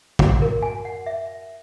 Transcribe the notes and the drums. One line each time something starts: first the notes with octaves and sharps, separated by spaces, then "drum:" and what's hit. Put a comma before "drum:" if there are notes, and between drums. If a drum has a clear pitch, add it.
F#4, drum: kick
A#4
G#5
F#5
E5